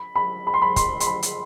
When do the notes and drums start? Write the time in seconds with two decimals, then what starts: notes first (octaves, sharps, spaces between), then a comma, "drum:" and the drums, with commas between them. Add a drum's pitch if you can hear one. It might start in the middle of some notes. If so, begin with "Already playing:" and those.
Already playing: B5
0.16 B5
0.47 B5
0.54 C6
0.62 B5
0.76 C6, drum: kick, hi-hat
1.00 C6, drum: hi-hat
1.07 B5
1.23 drum: hi-hat